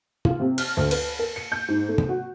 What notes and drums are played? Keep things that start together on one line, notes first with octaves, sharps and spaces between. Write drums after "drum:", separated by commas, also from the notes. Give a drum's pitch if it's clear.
F4, drum: tom C3
C3
F6, drum: cymbal
D2
B4, drum: cymbal
A#4
C#7
G6
G#2
A3
drum: tom C3
F#4